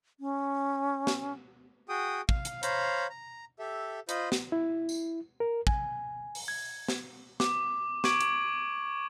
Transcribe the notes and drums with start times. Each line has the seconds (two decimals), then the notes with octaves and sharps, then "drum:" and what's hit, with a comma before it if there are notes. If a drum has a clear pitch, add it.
0.20 C#4
1.07 drum: snare
1.89 F#4 G#4 G5 D#6
2.29 F5, drum: kick
2.45 drum: hi-hat
2.63 C5 C#5 F5 A#5 B5, drum: hi-hat
3.10 A#5
3.59 G4 A4 E5
4.09 F4 C5 D#5 B5, drum: hi-hat
4.32 drum: snare
4.52 E4
4.89 drum: tambourine
5.40 A#4
5.67 G#5, drum: kick
6.35 drum: open hi-hat
6.48 G#6
6.88 drum: snare
7.40 D6, drum: snare
8.04 C#6 D6 G#6 D7 F#7, drum: snare
8.21 drum: hi-hat